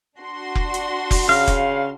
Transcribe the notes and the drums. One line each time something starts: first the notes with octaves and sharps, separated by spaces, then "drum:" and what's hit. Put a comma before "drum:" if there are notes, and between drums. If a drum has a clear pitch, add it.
D4 F#4 C6
drum: kick F1
drum: hi-hat
drum: kick F1, open hi-hat
C#3 F5
drum: kick F1, hi-hat